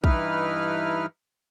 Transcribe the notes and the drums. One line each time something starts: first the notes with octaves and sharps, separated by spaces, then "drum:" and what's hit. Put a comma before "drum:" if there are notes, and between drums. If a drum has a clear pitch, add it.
G2 E3 D#4 E4 B4 F6, drum: kick